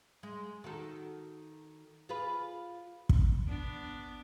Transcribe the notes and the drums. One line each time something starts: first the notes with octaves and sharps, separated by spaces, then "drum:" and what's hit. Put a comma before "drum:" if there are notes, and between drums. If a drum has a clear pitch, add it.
G#3
D#3 F#4 A4
F4 G#4 B4
drum: kick
B3 D4